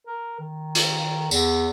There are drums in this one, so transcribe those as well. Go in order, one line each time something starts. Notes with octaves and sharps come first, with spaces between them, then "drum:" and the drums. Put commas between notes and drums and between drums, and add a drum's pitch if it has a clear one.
A#4
D#3
drum: hi-hat
E2, drum: tambourine